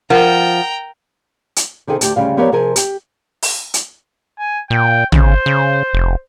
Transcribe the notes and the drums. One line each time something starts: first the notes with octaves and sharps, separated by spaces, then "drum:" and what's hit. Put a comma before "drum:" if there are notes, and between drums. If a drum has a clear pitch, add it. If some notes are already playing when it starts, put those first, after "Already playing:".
F3 A#4 F#5 G5 A#5
drum: hi-hat
C3 D#3 C4 G#4 A4
D2 G4 A5, drum: hi-hat
D2 C#3 G3 F5
F3 B3 G4 A#4 C#5 D5
C3 F3 G#4 A#4 G#5
G4, drum: hi-hat
drum: open hi-hat
drum: hi-hat
G#5
A#2 G5
C#3 C5, drum: tom
C#3
F1